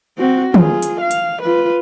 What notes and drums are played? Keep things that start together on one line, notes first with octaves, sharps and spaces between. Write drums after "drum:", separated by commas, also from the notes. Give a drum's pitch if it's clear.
C4 F#4
F4 G#4, drum: tom
drum: hi-hat
F5
drum: hi-hat
F4 B4